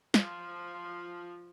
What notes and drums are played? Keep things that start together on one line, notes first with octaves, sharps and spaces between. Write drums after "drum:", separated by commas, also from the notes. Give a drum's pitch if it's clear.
F3, drum: snare